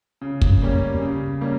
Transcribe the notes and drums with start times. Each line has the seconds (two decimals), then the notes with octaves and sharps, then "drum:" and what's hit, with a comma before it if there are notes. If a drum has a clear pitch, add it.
0.21 C#3
0.42 drum: kick
0.62 G3 A#3 C#4
1.02 C#3
1.41 G3 A#3 C#4